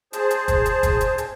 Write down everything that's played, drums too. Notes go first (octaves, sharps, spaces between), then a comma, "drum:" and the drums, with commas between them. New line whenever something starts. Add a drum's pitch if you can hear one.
G#4 C5 A5, drum: hi-hat
drum: hi-hat
drum: kick, hi-hat
drum: hi-hat
drum: kick, hi-hat
drum: hi-hat
drum: hi-hat